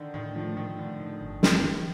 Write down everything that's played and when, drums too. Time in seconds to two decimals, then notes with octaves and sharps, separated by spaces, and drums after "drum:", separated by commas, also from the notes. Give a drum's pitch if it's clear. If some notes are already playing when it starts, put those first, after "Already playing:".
Already playing: D3 D#3
0.14 A2 D#3
0.35 F3 A3
0.57 A2 D#3
0.78 A2 D3
1.00 D#3
1.21 G1
1.43 G1, drum: snare
1.63 D#3